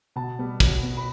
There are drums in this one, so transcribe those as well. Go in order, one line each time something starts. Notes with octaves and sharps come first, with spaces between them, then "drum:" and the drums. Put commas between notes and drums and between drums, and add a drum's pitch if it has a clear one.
B2 A5
G3 B3
B2, drum: kick, cymbal
B3
B5